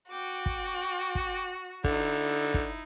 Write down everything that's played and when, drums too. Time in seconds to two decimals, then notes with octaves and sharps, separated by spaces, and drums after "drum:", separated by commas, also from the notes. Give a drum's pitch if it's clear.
0.11 F#4 G5 D6
0.46 drum: kick
1.15 drum: kick
1.84 D3 D#4 E4, drum: kick
2.54 drum: kick